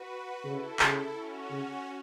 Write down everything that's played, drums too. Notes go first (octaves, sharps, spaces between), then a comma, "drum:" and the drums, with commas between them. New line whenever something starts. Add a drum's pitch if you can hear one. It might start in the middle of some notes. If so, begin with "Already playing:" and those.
Already playing: F#4 B4
C#3 E4 A4
C#3 E4 A4, drum: clap
C#4 F#4
C#3